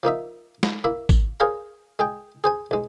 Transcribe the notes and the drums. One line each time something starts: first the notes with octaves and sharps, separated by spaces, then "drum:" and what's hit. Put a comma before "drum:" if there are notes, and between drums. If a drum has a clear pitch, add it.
F3 A#3 D#4 E5
drum: snare
A#3 E4 E5
drum: kick G#1, tambourine
G#4 A#4 C5 C#5 F5 A#5
G#3 G#4 G5
G#4 C5 G#5
B1 G#3